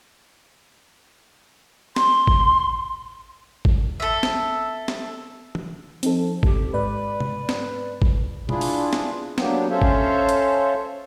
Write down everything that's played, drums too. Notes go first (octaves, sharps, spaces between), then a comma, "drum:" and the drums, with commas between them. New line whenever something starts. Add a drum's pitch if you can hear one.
C6, drum: snare
drum: kick G#1
drum: kick G#1
A4 E5
drum: snare
drum: snare
drum: tom
F3 C4 D#4 A4, drum: hi-hat
G4, drum: kick G#1
G#2 B4 D5
drum: tom
drum: snare
drum: kick G#1
D4 E4 F4 G#4 B4, drum: tom B2
drum: open hi-hat
drum: snare
F#3 A#3 B3 D4 G4, drum: snare
C#4 A4 C5 C#5 E5 F5
drum: kick G#1
drum: hi-hat